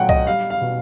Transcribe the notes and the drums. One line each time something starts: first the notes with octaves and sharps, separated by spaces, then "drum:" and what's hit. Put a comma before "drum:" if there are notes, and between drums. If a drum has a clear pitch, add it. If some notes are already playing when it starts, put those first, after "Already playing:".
Already playing: A#2 F#3 A3 F#5 G5
D#5, drum: kick C2
G3 F5
F5
B2